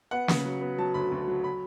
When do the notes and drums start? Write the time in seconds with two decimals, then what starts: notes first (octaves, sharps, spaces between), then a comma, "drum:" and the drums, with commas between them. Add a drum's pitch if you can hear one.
0.11 B3 F#5
0.28 C#3, drum: snare
0.45 F#3
0.61 B3
0.78 F#3 A5
0.94 D2 B5
1.11 D2
1.28 F#3
1.44 B5